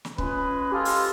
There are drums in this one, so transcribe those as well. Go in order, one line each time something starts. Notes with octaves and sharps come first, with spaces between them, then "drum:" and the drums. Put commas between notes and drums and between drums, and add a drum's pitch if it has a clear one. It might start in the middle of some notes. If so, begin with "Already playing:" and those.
drum: snare
G#3 C#4 F4 B4, drum: kick C#1
G#3 F4 G4 A4
drum: open hi-hat